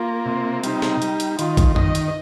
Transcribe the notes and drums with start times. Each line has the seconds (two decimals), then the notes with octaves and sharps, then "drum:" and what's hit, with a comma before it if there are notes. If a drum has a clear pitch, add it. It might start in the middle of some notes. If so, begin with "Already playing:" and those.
Already playing: A#3 F4
0.26 C3
0.64 G3 D#4, drum: hi-hat
0.82 drum: snare
1.02 G3, drum: hi-hat
1.20 drum: hi-hat
1.39 D#3 F4, drum: hi-hat
1.57 drum: kick, hi-hat
1.76 D#3 D#5, drum: tom
1.95 drum: hi-hat